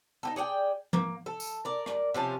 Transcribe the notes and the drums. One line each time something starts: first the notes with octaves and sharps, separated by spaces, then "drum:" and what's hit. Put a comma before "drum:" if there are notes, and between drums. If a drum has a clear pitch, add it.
D#4 G4 A4
G#4 D5 F#5 G5
A#3, drum: tom
A4
drum: tambourine
A#4 D5
drum: rim click
C3 F3 C#4 A5